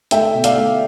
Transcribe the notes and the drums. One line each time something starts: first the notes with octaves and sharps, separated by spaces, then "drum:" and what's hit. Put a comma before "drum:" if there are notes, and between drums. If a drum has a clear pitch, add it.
A3 E5 G5, drum: hi-hat
B2
D5 F5, drum: hi-hat
A3